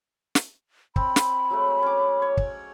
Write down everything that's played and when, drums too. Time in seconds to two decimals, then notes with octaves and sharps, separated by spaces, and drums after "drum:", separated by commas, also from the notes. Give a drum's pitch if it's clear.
0.35 drum: snare
0.96 C4 B5, drum: kick
1.16 drum: snare
1.50 F#3 G#3 A3
1.83 C#4 D6
2.22 C#5
2.37 drum: kick